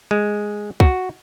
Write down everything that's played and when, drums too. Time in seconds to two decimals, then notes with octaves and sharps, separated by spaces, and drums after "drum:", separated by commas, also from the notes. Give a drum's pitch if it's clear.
0.11 G#3
0.80 F#4, drum: kick